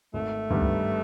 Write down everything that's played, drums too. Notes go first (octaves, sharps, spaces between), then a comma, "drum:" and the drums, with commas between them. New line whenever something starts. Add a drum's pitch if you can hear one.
G#1 A3
G2 D#3 G3 B3
drum: kick C#2